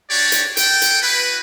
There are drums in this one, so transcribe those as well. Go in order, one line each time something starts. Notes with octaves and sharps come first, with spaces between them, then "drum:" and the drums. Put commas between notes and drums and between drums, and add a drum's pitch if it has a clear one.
D4 F#4 G4 C#5 D5
drum: hi-hat
A4 F#5 G5, drum: hi-hat
drum: hi-hat
E4 F#4 B4